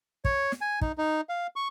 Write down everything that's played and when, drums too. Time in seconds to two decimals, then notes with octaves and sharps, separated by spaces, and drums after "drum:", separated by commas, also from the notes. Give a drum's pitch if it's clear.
0.25 C#5, drum: kick
0.52 drum: snare
0.61 G#5
0.81 D#4, drum: kick
0.98 D#4
1.29 F5
1.56 C#6